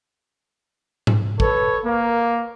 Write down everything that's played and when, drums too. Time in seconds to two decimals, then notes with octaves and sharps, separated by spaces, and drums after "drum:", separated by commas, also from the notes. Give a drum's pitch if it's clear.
1.07 drum: tom G#2
1.40 A4 B4 C#5, drum: kick
1.83 A#3